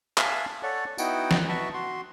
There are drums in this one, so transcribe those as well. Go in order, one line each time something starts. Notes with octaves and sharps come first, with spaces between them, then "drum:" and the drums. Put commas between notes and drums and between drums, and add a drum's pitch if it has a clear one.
E5 F5 G#5 A5, drum: clap
A4 C#5 D5 F#5
B3 D#4 E4 F#4 F#5 G5, drum: tambourine
drum: snare
F#4 B4 D#5 E5 A5 C#6
F#4 C6